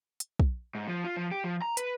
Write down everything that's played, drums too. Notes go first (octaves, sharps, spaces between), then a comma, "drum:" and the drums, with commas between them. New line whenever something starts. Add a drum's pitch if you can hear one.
drum: hi-hat
drum: kick
G#2
F3
F4
F3
G4
F3
A#5
B4, drum: hi-hat